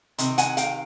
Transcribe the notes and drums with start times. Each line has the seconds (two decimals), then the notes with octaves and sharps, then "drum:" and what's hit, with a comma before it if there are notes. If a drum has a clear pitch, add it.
0.18 C3 D#3, drum: hi-hat
0.38 F#5 G#5, drum: hi-hat
0.57 F5 G5, drum: hi-hat